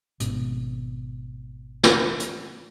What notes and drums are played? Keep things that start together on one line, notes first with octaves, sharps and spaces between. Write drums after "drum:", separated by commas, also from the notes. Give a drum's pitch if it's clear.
G#1 B2, drum: hi-hat
drum: snare
drum: hi-hat